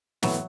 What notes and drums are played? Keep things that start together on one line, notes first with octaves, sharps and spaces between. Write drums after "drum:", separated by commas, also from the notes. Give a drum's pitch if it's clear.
A2 E3 F#3 B3, drum: snare